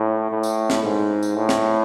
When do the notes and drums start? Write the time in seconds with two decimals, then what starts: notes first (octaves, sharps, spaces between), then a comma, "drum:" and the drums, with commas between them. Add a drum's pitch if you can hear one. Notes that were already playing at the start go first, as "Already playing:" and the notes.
Already playing: A2
0.31 A2
0.43 drum: tambourine
0.70 drum: snare
0.83 G#2
1.23 drum: tambourine
1.36 A2
1.49 drum: snare